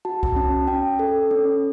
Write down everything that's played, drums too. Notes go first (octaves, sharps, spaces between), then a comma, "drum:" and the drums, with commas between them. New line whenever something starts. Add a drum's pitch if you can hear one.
F#4 A5
drum: kick C2
C#4 A5
C#4 G5
A4
C#4